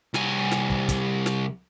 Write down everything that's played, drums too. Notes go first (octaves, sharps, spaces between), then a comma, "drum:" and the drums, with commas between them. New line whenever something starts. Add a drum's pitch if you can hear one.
C2 G#5, drum: snare
drum: snare
drum: kick
drum: kick, hi-hat
drum: snare